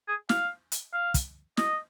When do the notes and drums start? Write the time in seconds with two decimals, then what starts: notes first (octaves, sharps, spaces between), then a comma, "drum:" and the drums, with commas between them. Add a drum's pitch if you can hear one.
0.08 G#4
0.29 F5, drum: snare
0.72 drum: hi-hat
0.93 F5
1.14 drum: kick, hi-hat
1.57 D#5, drum: snare